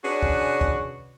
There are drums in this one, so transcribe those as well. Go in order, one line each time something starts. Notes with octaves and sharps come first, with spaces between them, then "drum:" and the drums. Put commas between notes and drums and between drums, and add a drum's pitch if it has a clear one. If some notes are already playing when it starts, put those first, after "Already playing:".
C#4 D4 F#4 G#4 B4
drum: kick
drum: kick